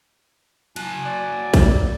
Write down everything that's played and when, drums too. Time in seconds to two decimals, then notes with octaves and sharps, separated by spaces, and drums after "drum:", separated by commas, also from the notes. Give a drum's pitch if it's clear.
0.76 F#3 G#5 A5 F#6, drum: cymbal
1.05 D5
1.54 drum: kick, cymbal